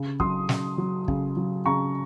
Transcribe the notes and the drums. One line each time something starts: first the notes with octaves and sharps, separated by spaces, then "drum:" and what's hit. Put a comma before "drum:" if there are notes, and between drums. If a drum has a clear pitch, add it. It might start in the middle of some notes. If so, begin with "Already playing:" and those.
Already playing: C#3
F#3 C6 D#6, drum: kick
C#3, drum: snare
F#3
C#3, drum: kick
F#3
C#3 A#5 C#6